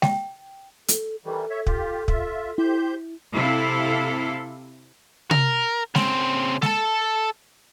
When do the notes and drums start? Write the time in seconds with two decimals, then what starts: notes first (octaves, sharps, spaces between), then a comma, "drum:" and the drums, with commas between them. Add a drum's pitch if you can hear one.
0.02 G5, drum: snare G#3
0.88 A4, drum: hi-hat
1.25 D#3 E3 G3 A4
1.50 C#5 E5
1.67 F4 G4, drum: kick
2.08 F4 E5, drum: kick
2.58 E4 G4 C5 G6
3.33 C3 E4 A4 F5
5.31 A#4, drum: tom C3
5.95 C#3 C4, drum: snare G#3
6.62 A4 A5, drum: snare G#3